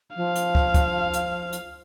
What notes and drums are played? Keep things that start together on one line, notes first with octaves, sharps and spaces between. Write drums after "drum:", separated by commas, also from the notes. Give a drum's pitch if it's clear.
F3 F5
drum: hi-hat
drum: kick
drum: kick, hi-hat
drum: hi-hat
drum: hi-hat